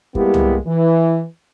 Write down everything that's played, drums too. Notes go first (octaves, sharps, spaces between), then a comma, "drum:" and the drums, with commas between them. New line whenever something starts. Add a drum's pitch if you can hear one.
G3 G#3 A#3 B3 E4 G4, drum: kick
drum: tom
E3